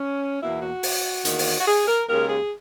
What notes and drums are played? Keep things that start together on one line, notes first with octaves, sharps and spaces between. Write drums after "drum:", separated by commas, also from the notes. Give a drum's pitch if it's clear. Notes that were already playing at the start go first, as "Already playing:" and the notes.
Already playing: C#4
E2 B2 A#3 E4
F#4
drum: open hi-hat
E2 D#3 A#3, drum: hi-hat
drum: open hi-hat
F#4
G#4
A#4
D#2 C#3 G#3 A#4
G#4